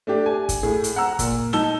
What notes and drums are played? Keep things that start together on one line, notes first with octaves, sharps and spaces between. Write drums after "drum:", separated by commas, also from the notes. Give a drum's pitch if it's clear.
A3 D4 G4
G#5
drum: kick, hi-hat
A2 G#4
drum: hi-hat
F#5 A#5 E6
A#2, drum: kick, hi-hat
D#4 A5 E6 G7, drum: snare